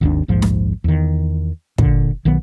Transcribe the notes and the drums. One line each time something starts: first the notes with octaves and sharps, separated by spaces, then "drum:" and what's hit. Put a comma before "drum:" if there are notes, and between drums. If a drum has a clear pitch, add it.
G#1 D#2 C#3 D4
A#1 D#2 G#2 F3
drum: snare
E2 D#3
A#2 D3, drum: kick
B1 D#3 F#3 B3